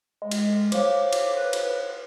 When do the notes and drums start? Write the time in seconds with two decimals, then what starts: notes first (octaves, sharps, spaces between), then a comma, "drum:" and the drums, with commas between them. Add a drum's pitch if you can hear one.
0.22 G#3
0.31 drum: cymbal
0.72 C5 C#5 F5 D6, drum: cymbal
1.13 drum: cymbal
1.37 B4
1.53 drum: cymbal